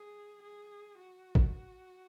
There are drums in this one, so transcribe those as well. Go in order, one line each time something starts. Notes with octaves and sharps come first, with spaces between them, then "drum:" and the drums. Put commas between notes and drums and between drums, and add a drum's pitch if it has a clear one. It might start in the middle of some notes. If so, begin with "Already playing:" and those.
Already playing: G#4
G#4
F#4
drum: kick